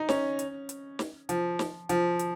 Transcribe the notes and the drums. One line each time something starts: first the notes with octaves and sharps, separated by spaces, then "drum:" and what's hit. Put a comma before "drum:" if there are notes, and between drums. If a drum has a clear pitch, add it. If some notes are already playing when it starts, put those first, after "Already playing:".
Already playing: D#4
C#4, drum: snare
drum: hi-hat
drum: hi-hat
drum: snare
F3, drum: hi-hat
drum: snare
F3, drum: hi-hat
drum: hi-hat